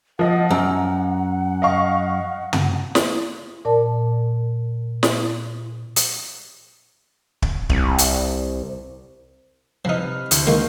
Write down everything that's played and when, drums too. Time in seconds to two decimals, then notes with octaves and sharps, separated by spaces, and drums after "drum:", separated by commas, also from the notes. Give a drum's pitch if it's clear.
0.19 F3 D#5 F#5
0.51 F#2 A#5
1.62 D#5 F5 C#6
2.53 drum: tom
2.95 drum: snare
3.65 A#2 A#4 D5 A5
5.03 drum: snare
5.96 drum: hi-hat
7.42 drum: kick
7.69 C2, drum: kick
7.98 drum: hi-hat
9.85 C3 F3 D#4 B4 F6
10.31 D2 E4 G6, drum: hi-hat
10.47 D#3 G#3 A#3 F4